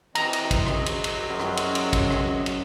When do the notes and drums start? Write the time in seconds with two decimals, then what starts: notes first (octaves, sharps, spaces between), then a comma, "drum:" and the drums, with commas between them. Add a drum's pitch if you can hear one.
0.15 E3 C4 D#5 A#5, drum: cymbal
0.33 drum: cymbal
0.51 drum: kick, cymbal
0.66 F#3 C4 G#4 D#5, drum: rim click
0.86 drum: cymbal
1.04 drum: cymbal
1.30 F#2
1.40 drum: rim click
1.57 drum: cymbal
1.75 drum: cymbal
1.93 drum: kick, cymbal
2.11 drum: rim click
2.46 drum: cymbal